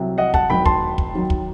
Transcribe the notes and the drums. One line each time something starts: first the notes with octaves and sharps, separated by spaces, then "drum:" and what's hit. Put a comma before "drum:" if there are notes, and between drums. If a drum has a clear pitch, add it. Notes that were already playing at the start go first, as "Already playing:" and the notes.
Already playing: C2 C3 F#3
D#5 F#5
F#5 A5, drum: kick
E1 D#2 D#3 F#3 G5 B5
A5 C6, drum: kick
drum: kick
D#2 D#3 F#3
drum: kick